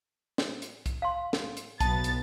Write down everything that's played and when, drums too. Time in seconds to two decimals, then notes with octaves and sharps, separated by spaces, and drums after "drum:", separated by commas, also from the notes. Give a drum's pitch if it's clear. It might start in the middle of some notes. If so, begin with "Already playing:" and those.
0.38 drum: snare
0.62 drum: hi-hat
0.86 drum: kick, hi-hat
1.02 F5 C6
1.33 drum: snare
1.57 drum: hi-hat
1.80 B1 B3 A5 A6, drum: kick, hi-hat
2.04 drum: hi-hat